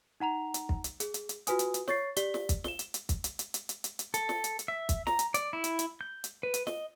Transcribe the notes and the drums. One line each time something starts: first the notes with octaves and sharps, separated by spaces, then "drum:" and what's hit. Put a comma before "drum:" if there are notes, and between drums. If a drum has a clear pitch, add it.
D#4 F#5 A#5 F7
drum: hi-hat
drum: kick
drum: hi-hat
G#4, drum: hi-hat
drum: hi-hat
drum: hi-hat
F4 F#4 B4 G#5 D#6, drum: hi-hat
drum: hi-hat
drum: hi-hat
C#5 C#6 A6 C7, drum: snare
G4 D5 B6 G7, drum: hi-hat
drum: snare
drum: kick, hi-hat
E7 G7, drum: snare
drum: hi-hat
drum: hi-hat
drum: kick, hi-hat
drum: hi-hat
drum: hi-hat
drum: hi-hat
drum: hi-hat
drum: hi-hat
drum: hi-hat
A4, drum: hi-hat
drum: snare
drum: hi-hat
drum: hi-hat
E5
drum: kick, hi-hat
A#5, drum: snare
drum: hi-hat
D5, drum: hi-hat
E4
drum: hi-hat
drum: hi-hat
G6
drum: hi-hat
B4
drum: hi-hat
D#5, drum: snare